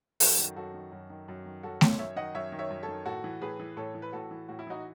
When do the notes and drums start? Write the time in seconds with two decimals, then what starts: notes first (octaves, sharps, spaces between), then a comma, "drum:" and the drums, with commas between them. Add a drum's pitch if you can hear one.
0.20 F#2 F#4 A4, drum: open hi-hat
0.39 D#3
0.56 F#2 F#4 A4
0.74 D#3
0.92 F#2
1.10 D#3
1.28 F#2
1.46 D#3
1.63 F#2 F#4 A4
1.81 D#3 A4 C#5, drum: snare A3
1.99 F#2 C#5 E5
2.16 D#3 D#5 F#5
2.34 F#2 C#5 E5
2.52 D#3
2.59 C#5 E5
2.70 F#2
2.83 A4 C#5
2.88 D#3
3.05 A2 F#4 A4
3.24 E3
3.41 A2 G#4 B4
3.59 E3
3.77 A2 A4 C#5
3.95 E3
4.02 B4
4.12 A2 F#4 A4
4.31 E3
4.48 A2 F#4
4.59 E4
4.67 E3 D#4 F#4